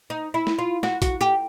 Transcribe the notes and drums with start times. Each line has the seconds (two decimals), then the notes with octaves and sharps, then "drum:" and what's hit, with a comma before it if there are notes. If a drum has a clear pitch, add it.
0.10 D#4
0.34 E4
0.47 drum: snare
0.59 F4
0.83 F#4, drum: snare
1.02 F#4, drum: kick A#1, hi-hat
1.21 G4